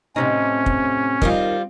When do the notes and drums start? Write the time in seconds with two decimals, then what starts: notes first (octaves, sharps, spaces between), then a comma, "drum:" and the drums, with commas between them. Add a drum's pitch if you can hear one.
0.16 A2 C3 C#4 D#4
0.66 drum: kick
1.22 D#3 G3 C4 F4, drum: kick